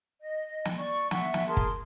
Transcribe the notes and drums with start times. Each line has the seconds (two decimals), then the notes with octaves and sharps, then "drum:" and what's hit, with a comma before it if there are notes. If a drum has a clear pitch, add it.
0.21 D#5
0.65 drum: snare
0.78 D5 C#6
1.11 E5 F#5 C#6, drum: snare
1.34 drum: snare
1.47 G#4 A#4 A5 C6
1.57 drum: kick